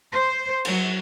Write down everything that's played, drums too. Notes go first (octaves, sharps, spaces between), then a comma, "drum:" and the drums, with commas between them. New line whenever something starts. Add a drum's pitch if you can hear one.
C5
F#3, drum: cymbal